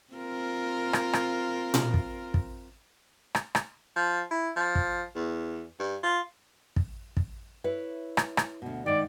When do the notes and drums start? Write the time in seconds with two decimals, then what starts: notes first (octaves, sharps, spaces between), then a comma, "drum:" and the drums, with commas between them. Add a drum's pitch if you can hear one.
0.13 C4 F4 A#4
0.93 drum: rim click
1.13 drum: rim click
1.74 drum: tom A#2
1.94 drum: kick
2.34 drum: kick
3.35 drum: rim click
3.55 drum: rim click
3.96 F3
4.31 E4
4.56 F3
4.75 drum: kick
5.16 E2
5.80 G2
6.03 F4
6.76 drum: kick
7.17 drum: kick
7.64 E4 B4 C#5
8.17 drum: rim click
8.37 drum: rim click
8.62 D2 B2
8.86 G#2 D#3 D5